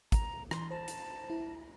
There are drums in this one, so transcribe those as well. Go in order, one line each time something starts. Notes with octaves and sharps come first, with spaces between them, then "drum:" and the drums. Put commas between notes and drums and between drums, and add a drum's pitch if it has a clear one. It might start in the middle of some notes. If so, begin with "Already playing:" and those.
A#5, drum: kick, hi-hat
E3 C6, drum: rim click
C5 A5
drum: hi-hat
E4